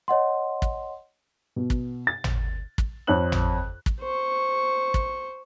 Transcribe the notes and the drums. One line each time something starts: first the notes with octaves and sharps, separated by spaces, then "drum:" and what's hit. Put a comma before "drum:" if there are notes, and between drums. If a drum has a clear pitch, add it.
C#5 D#5 F#5 C6
drum: kick
B2
drum: kick
A6
drum: tom
drum: kick
F2 C5 C#5 F#6 F#7
drum: tom
drum: kick
C5 C#6
drum: kick